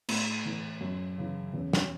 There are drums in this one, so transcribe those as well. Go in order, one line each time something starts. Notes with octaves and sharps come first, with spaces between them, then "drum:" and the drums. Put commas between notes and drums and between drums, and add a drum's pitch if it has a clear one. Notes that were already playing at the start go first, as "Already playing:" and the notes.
A2, drum: cymbal
E3
F#2
C#3 E3
E2 C#4
drum: snare